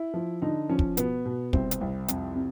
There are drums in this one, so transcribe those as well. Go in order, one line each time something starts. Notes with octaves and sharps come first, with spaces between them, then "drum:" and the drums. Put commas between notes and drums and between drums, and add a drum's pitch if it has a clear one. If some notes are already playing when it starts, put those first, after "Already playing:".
Already playing: E4
F3
D3 D#4
F3 C#4
drum: kick
B2 B3, drum: hi-hat
B2
C2 C4, drum: kick
drum: hi-hat
C2
F2, drum: hi-hat
C3